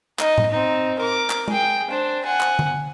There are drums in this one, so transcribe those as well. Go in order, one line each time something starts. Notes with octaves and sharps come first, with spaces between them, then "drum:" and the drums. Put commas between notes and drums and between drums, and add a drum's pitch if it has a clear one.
D#4 D#5, drum: clap
drum: tom A2
C4 D#4
A#4 D6
drum: clap
G#4 G5, drum: tom
D4 C5
F#5 G#5
drum: clap
drum: tom D3